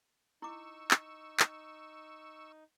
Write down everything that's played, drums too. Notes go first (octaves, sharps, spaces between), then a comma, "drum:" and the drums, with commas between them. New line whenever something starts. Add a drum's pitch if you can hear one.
D#4 E4 C#6 D6 E6
drum: clap
drum: clap